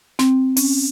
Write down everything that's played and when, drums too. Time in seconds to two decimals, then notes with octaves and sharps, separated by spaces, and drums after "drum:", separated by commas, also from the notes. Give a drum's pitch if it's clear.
0.19 C4, drum: snare
0.57 C#4, drum: open hi-hat